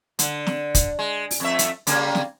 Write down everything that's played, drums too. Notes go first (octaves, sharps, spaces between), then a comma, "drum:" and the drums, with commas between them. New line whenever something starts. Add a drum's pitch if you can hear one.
D3, drum: hi-hat
drum: snare
drum: kick, hi-hat
G#3
drum: open hi-hat
F2 A3 E5
drum: hi-hat
C#3 G3 A#3, drum: hi-hat
drum: snare